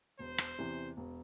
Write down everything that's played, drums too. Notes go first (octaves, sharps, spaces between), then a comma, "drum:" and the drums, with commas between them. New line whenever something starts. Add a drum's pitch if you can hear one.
E1 C5
drum: rim click
E2 C3 E3
E1